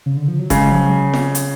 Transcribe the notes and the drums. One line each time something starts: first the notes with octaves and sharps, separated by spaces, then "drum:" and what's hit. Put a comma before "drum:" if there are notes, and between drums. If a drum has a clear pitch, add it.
C#3
D3
F3
F#3
C#3 G#3, drum: kick F#1, hi-hat
F3
F#3
drum: snare
drum: hi-hat